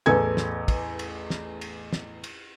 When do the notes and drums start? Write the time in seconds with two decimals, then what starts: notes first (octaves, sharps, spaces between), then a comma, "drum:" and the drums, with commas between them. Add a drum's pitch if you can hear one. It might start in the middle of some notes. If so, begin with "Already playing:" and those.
0.06 A1 E2 A4 G#5 G#6
0.37 drum: snare
0.68 drum: kick, cymbal
0.99 drum: cymbal
1.30 drum: snare
1.61 drum: cymbal
1.93 drum: snare
2.24 drum: cymbal